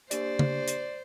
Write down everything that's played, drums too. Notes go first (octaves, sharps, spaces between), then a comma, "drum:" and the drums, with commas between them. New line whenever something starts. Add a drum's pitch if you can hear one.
A#3 D4 G4 C5 D5, drum: hi-hat
drum: tom C#3
drum: hi-hat